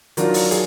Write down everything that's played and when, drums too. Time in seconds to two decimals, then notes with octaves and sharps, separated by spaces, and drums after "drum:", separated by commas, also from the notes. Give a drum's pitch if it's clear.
0.17 D#3 F#3 D4 F4 A#4, drum: hi-hat
0.34 drum: open hi-hat
0.51 G#4, drum: hi-hat